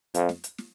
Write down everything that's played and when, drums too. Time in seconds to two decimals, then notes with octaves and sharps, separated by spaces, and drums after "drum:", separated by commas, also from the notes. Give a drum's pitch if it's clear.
0.14 F2, drum: hi-hat
0.29 drum: snare
0.44 drum: hi-hat
0.58 drum: snare